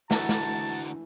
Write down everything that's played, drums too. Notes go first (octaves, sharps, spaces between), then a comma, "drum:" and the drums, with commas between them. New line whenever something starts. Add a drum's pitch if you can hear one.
D3 E3 A3 F#4 B4 F#5 A5 A#5, drum: snare
drum: snare